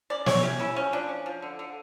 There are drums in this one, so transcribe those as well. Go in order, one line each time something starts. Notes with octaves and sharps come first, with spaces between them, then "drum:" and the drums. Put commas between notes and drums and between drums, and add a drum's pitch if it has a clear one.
C#4 D5
E3 C#5, drum: snare
C#4 G4
C#4 E4
F3 C#4
F3 D4
C#4
F3
D3
D3